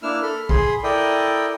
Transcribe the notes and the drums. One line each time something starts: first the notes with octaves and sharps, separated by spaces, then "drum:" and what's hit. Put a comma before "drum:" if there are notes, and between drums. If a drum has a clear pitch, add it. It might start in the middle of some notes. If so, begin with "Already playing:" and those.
A#3 D4 E4 E6 F6
A4 B5 F6
G#4 B5 C6, drum: kick
E4 A4 A#4 D5 G5 D#6